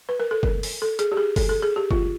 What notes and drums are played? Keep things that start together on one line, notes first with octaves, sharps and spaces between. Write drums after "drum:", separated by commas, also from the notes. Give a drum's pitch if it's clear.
B4
A#4
A4
A#4, drum: kick F#1
drum: open hi-hat
A4
G#4, drum: hi-hat
G4
G#4
A4, drum: kick F#1, open hi-hat
A4
G#4
G4
F4, drum: kick F#1